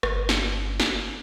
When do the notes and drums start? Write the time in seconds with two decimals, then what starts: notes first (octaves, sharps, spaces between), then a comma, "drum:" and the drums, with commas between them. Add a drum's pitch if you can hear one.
0.03 G1, drum: rim click
0.29 drum: snare
0.80 drum: snare